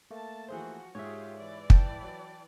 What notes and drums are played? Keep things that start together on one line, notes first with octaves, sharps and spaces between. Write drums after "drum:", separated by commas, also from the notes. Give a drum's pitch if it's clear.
A3 A#3 A5
E3 F3 F#4 G#4 C5
G#2 F4 G4 G#4 C#5 E5
E3 D5
G5 A5, drum: kick
F#3